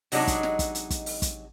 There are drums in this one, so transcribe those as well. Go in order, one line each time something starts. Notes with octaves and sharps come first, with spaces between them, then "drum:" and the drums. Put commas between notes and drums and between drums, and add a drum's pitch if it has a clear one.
C3 F#3 G#3 D4 D#4, drum: open hi-hat
drum: kick, hi-hat
drum: snare
drum: kick, hi-hat
drum: hi-hat
drum: kick, hi-hat
drum: open hi-hat
drum: kick, hi-hat